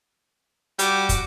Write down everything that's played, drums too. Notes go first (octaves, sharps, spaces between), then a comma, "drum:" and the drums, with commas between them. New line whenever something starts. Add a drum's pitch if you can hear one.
G3 F#4 D6, drum: hi-hat
drum: kick, hi-hat